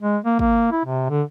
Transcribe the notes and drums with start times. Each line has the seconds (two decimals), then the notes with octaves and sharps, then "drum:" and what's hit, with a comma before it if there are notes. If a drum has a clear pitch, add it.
0.02 G#3
0.25 A#3
0.39 A#3, drum: kick
0.72 E4
0.85 C3
1.10 D3